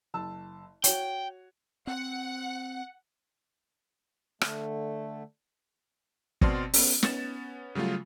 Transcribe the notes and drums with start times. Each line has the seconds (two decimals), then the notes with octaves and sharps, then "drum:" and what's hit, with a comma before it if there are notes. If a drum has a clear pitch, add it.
0.14 F#1 A5 E6
0.84 F#4 C#5 G5, drum: hi-hat
1.87 C4 F#5
4.41 D3 A3, drum: rim click
6.41 B2 C4 D5 A5 C6 F6, drum: kick
6.74 B3 C#4, drum: open hi-hat
7.03 B3 C#4 A6 E7, drum: snare
7.75 C#3 F#3 G3 A3 F4